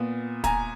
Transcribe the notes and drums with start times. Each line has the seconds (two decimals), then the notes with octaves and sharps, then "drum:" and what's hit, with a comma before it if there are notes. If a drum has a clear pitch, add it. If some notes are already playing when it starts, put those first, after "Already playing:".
Already playing: A#2 B3
0.44 G#5 A#5, drum: kick, hi-hat